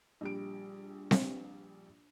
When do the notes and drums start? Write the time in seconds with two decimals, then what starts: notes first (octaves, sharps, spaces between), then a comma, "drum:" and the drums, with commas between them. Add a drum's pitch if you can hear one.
0.21 A#1 G3 D7
1.11 drum: snare C4